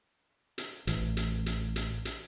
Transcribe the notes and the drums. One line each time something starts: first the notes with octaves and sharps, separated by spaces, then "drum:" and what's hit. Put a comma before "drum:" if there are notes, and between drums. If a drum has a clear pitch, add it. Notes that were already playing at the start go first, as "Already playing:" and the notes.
drum: hi-hat
A1, drum: hi-hat
drum: hi-hat
drum: hi-hat
drum: hi-hat
drum: hi-hat